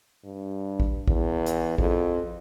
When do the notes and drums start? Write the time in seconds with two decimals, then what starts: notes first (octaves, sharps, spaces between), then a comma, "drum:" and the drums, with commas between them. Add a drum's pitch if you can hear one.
0.24 G2
0.80 drum: kick A1
1.08 E2, drum: kick A1
1.46 drum: hi-hat
1.78 F2, drum: kick A1